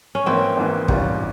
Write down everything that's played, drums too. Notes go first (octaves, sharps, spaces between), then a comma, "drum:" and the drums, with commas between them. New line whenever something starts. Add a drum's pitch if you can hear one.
C#4
G#1 G#2 E3 A#3 C4 E4
G#1 G#2 E3 A#3
G#1 G#2 G3 C#4 F4, drum: kick